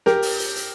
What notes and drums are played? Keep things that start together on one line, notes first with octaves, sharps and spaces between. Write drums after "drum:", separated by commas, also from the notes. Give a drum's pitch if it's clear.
G4 A#4, drum: snare
drum: open hi-hat
drum: hi-hat
drum: hi-hat